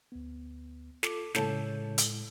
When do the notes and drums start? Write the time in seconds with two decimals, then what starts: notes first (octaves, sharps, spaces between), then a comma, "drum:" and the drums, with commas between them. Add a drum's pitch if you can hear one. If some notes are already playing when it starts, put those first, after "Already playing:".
0.12 D2 B3
1.03 F4 A4 D6, drum: snare
1.35 A2 C#3 G#3 E4 A4 C#5 A5 G6, drum: snare
1.98 drum: hi-hat